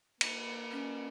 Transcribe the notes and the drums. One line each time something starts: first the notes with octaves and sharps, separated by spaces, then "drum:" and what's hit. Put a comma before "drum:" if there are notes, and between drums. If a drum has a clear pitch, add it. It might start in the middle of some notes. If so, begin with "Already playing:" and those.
A#3, drum: cymbal
C#4